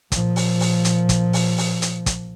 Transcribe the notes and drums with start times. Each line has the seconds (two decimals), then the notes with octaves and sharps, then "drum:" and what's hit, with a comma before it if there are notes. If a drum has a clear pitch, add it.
0.12 A#2 F3, drum: kick, hi-hat
0.36 drum: open hi-hat
0.60 drum: open hi-hat
0.85 drum: hi-hat
1.09 drum: kick, hi-hat
1.33 drum: open hi-hat
1.58 drum: open hi-hat
1.82 drum: hi-hat
2.06 drum: kick, hi-hat